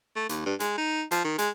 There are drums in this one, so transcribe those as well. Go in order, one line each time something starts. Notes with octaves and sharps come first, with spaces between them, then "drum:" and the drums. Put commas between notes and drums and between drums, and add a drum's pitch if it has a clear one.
A3
D#2, drum: hi-hat
G2
G#3, drum: hi-hat
D#4
F3, drum: hi-hat
D#3
G#3, drum: hi-hat